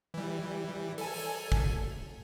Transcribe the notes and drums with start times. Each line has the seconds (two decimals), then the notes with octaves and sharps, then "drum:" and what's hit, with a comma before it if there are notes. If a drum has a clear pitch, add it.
0.14 E3 G3
0.98 A4 G#5, drum: open hi-hat
1.14 drum: open hi-hat
1.52 drum: kick G#1